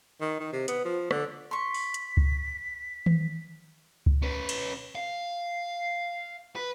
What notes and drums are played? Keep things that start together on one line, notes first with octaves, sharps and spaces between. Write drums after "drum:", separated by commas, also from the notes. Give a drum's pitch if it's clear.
D#3
D#3
C3
B3, drum: hi-hat
F3
D3, drum: rim click
C6 C#6 B6
drum: open hi-hat
drum: hi-hat
drum: kick
drum: tom D#3
drum: kick
C#4 B4
drum: cymbal
F5
B4